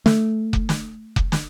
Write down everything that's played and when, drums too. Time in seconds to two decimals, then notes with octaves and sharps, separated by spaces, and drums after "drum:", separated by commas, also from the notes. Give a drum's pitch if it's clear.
0.06 A3, drum: snare
0.53 drum: kick F1
0.69 drum: snare
1.16 drum: kick F1
1.32 drum: snare